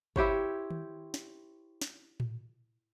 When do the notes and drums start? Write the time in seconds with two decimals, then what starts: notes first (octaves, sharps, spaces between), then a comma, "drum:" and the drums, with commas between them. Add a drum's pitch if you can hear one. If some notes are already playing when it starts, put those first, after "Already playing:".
0.16 E4 G4 C5 C#5, drum: kick
0.70 drum: tom D#3
1.14 drum: snare
1.81 drum: snare
2.20 drum: tom A2